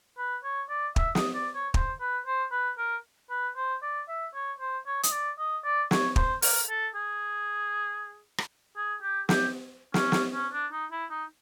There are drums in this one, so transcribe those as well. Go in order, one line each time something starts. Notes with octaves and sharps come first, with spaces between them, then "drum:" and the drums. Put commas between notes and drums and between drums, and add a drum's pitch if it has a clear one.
B4
C#5
D5
E5, drum: kick
D#5, drum: snare
D5
C#5
C5, drum: kick
B4
C5
B4
A#4
B4
C5
D5
E5
C#5
C5
C#5
D#5, drum: hi-hat
D5
D#5
D5
C#5, drum: snare
C5, drum: kick
A#4, drum: open hi-hat
A4
G#4
drum: rim click
G#4
G4
G4, drum: snare
C#4, drum: snare
drum: snare
C#4
D4
D#4
E4
D#4